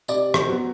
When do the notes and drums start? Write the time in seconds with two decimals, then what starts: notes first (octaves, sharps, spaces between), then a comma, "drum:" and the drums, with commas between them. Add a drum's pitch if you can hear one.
0.08 C3 D5, drum: tambourine
0.34 C5, drum: rim click
0.47 F#3 B3